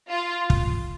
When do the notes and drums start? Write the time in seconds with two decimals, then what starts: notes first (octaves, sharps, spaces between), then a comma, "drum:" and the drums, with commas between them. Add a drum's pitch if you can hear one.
0.10 F4
0.50 drum: kick